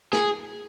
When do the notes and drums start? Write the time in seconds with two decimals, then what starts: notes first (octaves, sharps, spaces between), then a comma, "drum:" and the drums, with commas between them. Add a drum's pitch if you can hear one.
0.13 G#4, drum: snare